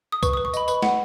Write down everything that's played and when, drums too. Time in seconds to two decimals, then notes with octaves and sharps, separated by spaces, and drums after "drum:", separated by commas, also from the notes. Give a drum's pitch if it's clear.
0.12 D#6
0.23 B4 C#6, drum: kick, tambourine
0.33 B4 D#6
0.45 C#6
0.54 D#5 B5, drum: tambourine
0.68 B4 B5, drum: tambourine
0.82 F#5, drum: snare